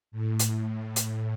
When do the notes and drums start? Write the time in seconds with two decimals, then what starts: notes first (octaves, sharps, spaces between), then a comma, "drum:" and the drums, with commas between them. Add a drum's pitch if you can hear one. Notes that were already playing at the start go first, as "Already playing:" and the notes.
0.11 A2
0.39 drum: hi-hat
0.96 drum: hi-hat